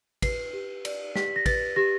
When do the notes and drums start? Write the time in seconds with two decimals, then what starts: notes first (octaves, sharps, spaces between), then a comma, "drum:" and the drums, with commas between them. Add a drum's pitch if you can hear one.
0.22 B4 C7, drum: kick, cymbal
0.53 G4
0.85 D5, drum: cymbal
1.16 G4 B6, drum: snare
1.36 A#6
1.46 B4 A6, drum: kick, cymbal
1.76 G4 A#6